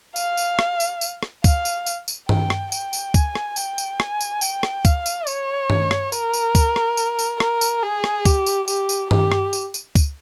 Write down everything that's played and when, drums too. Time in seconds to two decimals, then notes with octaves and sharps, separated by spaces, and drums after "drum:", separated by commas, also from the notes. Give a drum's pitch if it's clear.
0.16 F5, drum: tambourine
0.37 drum: tambourine
0.59 drum: rim click
0.80 drum: tambourine
1.01 drum: tambourine
1.23 drum: rim click
1.44 F5, drum: kick, tambourine
1.65 drum: tambourine
1.86 drum: tambourine
2.08 drum: tambourine
2.29 G5, drum: tom
2.50 drum: rim click
2.72 G5, drum: tambourine
2.93 drum: tambourine
3.14 G#5, drum: kick, tambourine
3.35 drum: rim click
3.56 G5, drum: tambourine
3.78 drum: tambourine
4.00 G#5, drum: rim click
4.21 drum: tambourine
4.41 G5, drum: tambourine
4.63 drum: rim click
4.85 F5, drum: kick, tambourine
5.06 drum: tambourine
5.27 C#5, drum: tambourine
5.70 drum: tom
5.91 drum: rim click
6.12 A#4, drum: tambourine
6.34 drum: tambourine
6.55 drum: kick, tambourine
6.76 drum: rim click
6.97 drum: tambourine
7.19 drum: tambourine
7.40 A#4, drum: rim click
7.61 drum: tambourine
7.83 G#4
8.04 drum: rim click
8.25 G4, drum: kick, tambourine
8.46 drum: tambourine
8.68 G4, drum: tambourine
8.89 drum: tambourine
9.11 G4, drum: tom
9.32 drum: rim click
9.53 drum: tambourine
9.74 drum: tambourine
9.95 drum: kick, tambourine